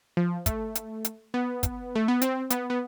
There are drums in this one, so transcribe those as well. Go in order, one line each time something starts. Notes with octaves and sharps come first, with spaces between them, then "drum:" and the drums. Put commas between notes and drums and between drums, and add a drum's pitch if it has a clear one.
F3
A3, drum: kick, hi-hat
drum: hi-hat
drum: hi-hat
B3
drum: kick, hi-hat
A3
B3
C4, drum: hi-hat
B3, drum: hi-hat
B3